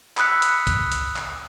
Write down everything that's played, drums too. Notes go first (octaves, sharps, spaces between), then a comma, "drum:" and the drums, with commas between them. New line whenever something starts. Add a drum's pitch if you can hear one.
B5 D#6 E6 F#6 B6 C#7, drum: clap
drum: hi-hat
drum: kick C2, hi-hat
drum: hi-hat
drum: clap